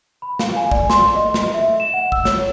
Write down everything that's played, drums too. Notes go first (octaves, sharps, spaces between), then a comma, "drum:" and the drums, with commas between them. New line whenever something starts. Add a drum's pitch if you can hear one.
B5
F5, drum: snare
G#5
D5, drum: kick
C6, drum: snare
D#5
drum: snare
E5
E7
F#5
E6, drum: kick
C#5, drum: snare